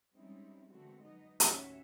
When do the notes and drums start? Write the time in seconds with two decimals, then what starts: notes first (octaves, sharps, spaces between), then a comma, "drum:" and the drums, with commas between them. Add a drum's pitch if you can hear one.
0.14 G3 G#3 C4 C#4 D#4 E4
0.69 D3 E3 G#3 A3 C4 F#4
1.02 F#3 B3 D#4 D#5
1.40 D#2 A2 C#4 F#4 C#5 E5, drum: hi-hat